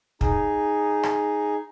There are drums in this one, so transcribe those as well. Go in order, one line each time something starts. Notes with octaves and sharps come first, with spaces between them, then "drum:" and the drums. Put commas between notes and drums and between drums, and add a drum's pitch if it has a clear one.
D#4 G#4, drum: kick
drum: rim click